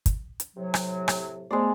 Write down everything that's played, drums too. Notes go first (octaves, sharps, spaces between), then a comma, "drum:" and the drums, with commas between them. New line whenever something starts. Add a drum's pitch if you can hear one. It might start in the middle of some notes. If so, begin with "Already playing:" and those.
drum: kick, hi-hat
drum: hi-hat
A2 C3 F#3
drum: rim click
drum: rim click
G#3 A3 B3 C5 D5